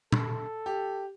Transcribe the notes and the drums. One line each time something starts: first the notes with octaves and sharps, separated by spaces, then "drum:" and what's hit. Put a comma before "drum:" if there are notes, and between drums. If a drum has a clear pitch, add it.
A4, drum: tom A#2
G4